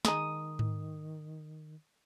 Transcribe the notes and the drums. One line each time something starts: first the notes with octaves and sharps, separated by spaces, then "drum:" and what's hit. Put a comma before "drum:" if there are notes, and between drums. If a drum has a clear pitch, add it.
D#3 G#3 D#4 D#6, drum: snare
drum: tom G#2